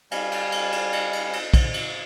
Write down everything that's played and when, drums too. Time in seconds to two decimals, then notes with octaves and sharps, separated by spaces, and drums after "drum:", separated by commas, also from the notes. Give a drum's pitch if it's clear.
0.11 G3 F5 G#5, drum: cymbal
0.32 drum: cymbal
0.52 drum: cymbal
0.72 drum: cymbal
0.93 drum: cymbal
1.13 drum: cymbal
1.33 drum: cymbal
1.54 drum: kick, cymbal
1.74 drum: cymbal